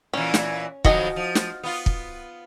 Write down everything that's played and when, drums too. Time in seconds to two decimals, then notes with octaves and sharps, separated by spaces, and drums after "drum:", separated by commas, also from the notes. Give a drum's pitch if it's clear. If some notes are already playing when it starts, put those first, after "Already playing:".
0.13 A#2 E3 C#4
0.34 drum: snare
0.85 F2 D#3 F#3 F#4 D#5 G#5, drum: kick
1.16 F3
1.35 drum: snare
1.63 B3 F4
1.86 drum: kick